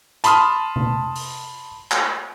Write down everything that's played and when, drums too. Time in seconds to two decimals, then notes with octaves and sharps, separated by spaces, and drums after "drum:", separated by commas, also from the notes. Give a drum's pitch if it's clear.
0.24 A5 B5 C6 D#6 F6, drum: hi-hat
0.76 drum: tom C3
1.15 drum: open hi-hat
1.91 drum: clap